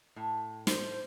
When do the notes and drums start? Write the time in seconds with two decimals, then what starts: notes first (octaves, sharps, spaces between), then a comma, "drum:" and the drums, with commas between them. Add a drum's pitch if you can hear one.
0.16 A2
0.67 C5, drum: snare